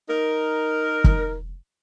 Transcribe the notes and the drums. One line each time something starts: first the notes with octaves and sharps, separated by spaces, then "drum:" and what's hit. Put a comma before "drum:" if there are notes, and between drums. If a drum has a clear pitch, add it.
D#4 A#4
drum: kick